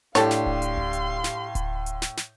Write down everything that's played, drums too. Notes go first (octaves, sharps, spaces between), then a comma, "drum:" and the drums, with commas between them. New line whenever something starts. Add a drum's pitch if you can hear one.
A2 D4 G4 A4 C#5 F5 C6, drum: snare
drum: snare
drum: kick D1
drum: hi-hat
drum: kick D1
drum: hi-hat
drum: snare
drum: kick D1, hi-hat
drum: hi-hat
drum: snare
drum: snare